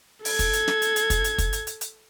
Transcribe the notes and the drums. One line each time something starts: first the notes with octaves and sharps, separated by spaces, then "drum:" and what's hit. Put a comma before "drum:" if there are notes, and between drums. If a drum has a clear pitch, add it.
A4 G#6, drum: open hi-hat
drum: kick, hi-hat
drum: hi-hat
drum: snare
drum: hi-hat
drum: hi-hat
drum: kick, hi-hat
drum: hi-hat
drum: kick, hi-hat
drum: hi-hat
drum: hi-hat
drum: hi-hat